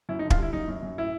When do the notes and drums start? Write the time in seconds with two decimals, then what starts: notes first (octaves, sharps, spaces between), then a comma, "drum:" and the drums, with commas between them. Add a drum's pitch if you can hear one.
0.09 F#2 E4
0.19 D#4
0.24 D3
0.30 F4, drum: kick
0.38 G3 E4
0.53 F#2 D#4
0.68 F#2
0.83 F#2
0.98 A2 E4